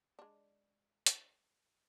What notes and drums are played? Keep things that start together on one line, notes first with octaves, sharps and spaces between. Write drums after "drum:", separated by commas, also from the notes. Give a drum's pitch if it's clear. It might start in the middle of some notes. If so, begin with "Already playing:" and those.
G#3 D4
drum: hi-hat